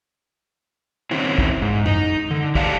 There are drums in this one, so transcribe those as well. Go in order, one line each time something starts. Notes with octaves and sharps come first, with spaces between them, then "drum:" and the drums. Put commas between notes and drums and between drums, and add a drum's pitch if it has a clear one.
D#3 C4 C#4 E4
drum: kick
G#2
D#4, drum: tom F#2
D3
G4 D5 F5 F#5 A5, drum: kick